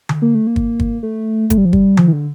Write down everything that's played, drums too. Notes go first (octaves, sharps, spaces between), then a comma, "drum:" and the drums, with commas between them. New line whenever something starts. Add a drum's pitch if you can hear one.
drum: tom D3
A#3
A3
A#3
drum: kick
drum: kick
A3
A3, drum: kick, hi-hat
G3
F3
G3, drum: kick
F3, drum: tom D3
E3
D3